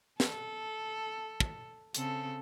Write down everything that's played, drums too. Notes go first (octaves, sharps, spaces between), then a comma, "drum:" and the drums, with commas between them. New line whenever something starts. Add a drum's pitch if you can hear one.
A4, drum: snare
drum: kick
C#3 C4 A4, drum: hi-hat